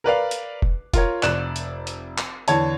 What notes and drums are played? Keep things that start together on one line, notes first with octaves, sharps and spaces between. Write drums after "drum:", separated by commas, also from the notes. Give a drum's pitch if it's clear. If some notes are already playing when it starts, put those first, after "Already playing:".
A#4 B4 D5 F5
drum: hi-hat
drum: kick E1
F4 A#4 C#5, drum: kick E1, hi-hat
F1 D5 F#6 E7, drum: clap
drum: hi-hat
drum: hi-hat
drum: clap
E2 D3 C#5 A5, drum: hi-hat